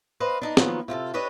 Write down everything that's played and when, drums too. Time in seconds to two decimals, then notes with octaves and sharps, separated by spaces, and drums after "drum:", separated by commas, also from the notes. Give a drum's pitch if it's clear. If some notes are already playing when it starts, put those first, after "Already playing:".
0.20 B4 C5 D#5 F5
0.42 D4 D#4 D#5
0.57 D#3 F3 F#3 A#3 B3, drum: snare
0.88 C3 F4 G4 A4
1.14 D4 G4 B4 C#5 D#5